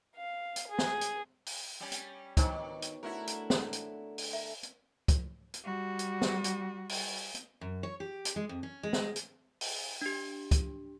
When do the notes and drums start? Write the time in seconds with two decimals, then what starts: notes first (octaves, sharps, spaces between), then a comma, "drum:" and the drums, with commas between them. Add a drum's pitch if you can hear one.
0.15 F5
0.56 drum: hi-hat
0.69 G#4
0.79 drum: snare
1.01 drum: hi-hat
1.46 drum: open hi-hat
1.80 G3 C#4 G5
1.92 drum: hi-hat
2.37 B2 D#3 D4 D#4 C5 C#5 D6, drum: kick, hi-hat
2.82 drum: hi-hat
3.03 D3 A3 E4 F#4 A#4
3.27 drum: hi-hat
3.50 drum: snare
3.73 drum: hi-hat
4.18 drum: open hi-hat
4.33 A4 A#4 E5
4.63 drum: hi-hat
5.08 drum: kick, hi-hat
5.54 drum: hi-hat
5.64 G3 F#4
5.99 drum: hi-hat
6.22 drum: snare
6.44 drum: hi-hat
6.89 drum: open hi-hat
7.35 drum: hi-hat
7.61 F#2
7.83 C#5
8.00 G4
8.25 drum: hi-hat
8.36 G#3
8.49 F2
8.63 C#4
8.83 G#3
8.93 drum: snare
9.16 drum: hi-hat
9.61 drum: open hi-hat
10.01 D4 G4
10.51 drum: kick, hi-hat